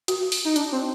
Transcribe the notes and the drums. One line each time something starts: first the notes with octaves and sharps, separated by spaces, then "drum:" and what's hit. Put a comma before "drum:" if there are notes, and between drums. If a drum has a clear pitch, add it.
F#4, drum: hi-hat
drum: open hi-hat
D#4
D4, drum: hi-hat
C4